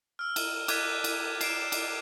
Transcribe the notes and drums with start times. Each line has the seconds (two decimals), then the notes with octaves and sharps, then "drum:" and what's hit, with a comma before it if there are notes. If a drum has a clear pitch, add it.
0.19 E6 F6
0.36 drum: cymbal
0.68 D6 F#6 G#6 A6 B6 D#7, drum: cymbal
1.04 drum: cymbal
1.41 C7 D7 E7, drum: cymbal
1.72 drum: cymbal